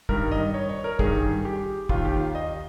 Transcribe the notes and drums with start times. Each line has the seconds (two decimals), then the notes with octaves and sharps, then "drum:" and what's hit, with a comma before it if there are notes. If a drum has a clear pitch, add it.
0.09 G2 D#3 A#4, drum: kick
0.32 D#5
0.54 C#5
0.69 C#5
0.84 A#4
0.99 G2 D#3 G#4, drum: kick
1.45 G4
1.89 D#2 D#3 F4, drum: kick
2.05 G4
2.20 F5
2.35 D#5